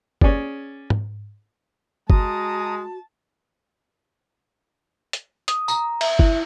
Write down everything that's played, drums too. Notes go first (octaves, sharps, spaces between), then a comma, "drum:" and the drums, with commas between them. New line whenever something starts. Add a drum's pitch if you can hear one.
C#4 G#4 D5, drum: kick G1
drum: tom G#2
G#3 F#4 A5 A#5 D#6, drum: kick G1
drum: hi-hat
D#6, drum: hi-hat
A#5, drum: tambourine
E5, drum: cymbal
E4, drum: kick G1